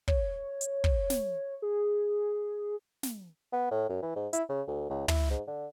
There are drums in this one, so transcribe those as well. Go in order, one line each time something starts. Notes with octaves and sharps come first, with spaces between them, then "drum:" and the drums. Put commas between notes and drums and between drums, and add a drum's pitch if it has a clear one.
C#5, drum: kick
drum: hi-hat
drum: kick
drum: snare
G#4
drum: snare
B3
A2
F#2
E3
G#2
E4, drum: hi-hat
C#3
D2
C#2
E4, drum: tom
G#2
D3